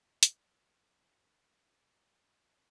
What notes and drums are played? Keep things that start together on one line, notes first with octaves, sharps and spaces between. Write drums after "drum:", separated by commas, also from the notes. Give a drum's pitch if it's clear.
F3 F#3 B3 D4, drum: hi-hat